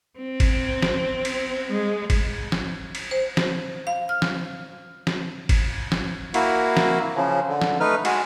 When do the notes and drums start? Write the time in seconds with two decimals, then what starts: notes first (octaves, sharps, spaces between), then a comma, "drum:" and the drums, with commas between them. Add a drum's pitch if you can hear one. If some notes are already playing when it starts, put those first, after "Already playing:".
0.19 C4
0.40 drum: kick, cymbal
0.82 drum: snare
1.25 drum: cymbal
1.70 G#3
2.10 drum: kick, cymbal
2.52 drum: snare
2.95 drum: cymbal
3.11 C5
3.37 drum: snare
3.87 F5
4.09 F6
4.22 drum: snare
5.07 drum: snare
5.49 drum: kick, cymbal
5.92 drum: snare
6.34 A#3 E4 F#4, drum: cymbal
6.77 drum: snare
7.16 C#3 F3
7.48 D3
7.62 drum: snare
7.80 A3 D#4 B4 F6
8.05 G#3 F#4, drum: cymbal